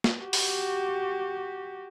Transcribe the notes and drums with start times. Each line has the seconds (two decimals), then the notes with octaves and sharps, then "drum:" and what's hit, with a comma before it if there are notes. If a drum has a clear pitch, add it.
0.04 drum: snare
0.21 F#4 G4
0.33 drum: open hi-hat